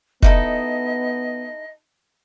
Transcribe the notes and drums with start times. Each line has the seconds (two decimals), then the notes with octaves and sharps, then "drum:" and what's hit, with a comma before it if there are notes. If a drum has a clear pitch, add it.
0.22 B3 D#4 E4 A4 D#5, drum: kick F1